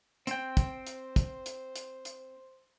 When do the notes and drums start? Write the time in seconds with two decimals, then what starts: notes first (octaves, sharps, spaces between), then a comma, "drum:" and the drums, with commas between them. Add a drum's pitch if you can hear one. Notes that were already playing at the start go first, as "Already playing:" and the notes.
0.27 C4 C5 G5, drum: hi-hat
0.57 drum: kick, hi-hat
0.87 drum: hi-hat
1.16 drum: kick, hi-hat
1.46 drum: hi-hat
1.76 drum: hi-hat
2.05 drum: hi-hat